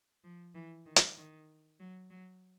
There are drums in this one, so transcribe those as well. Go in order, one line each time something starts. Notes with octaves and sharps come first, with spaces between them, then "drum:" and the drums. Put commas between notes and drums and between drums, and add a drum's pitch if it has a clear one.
F3
E3
D#3
drum: hi-hat
D#3
F#3
F#3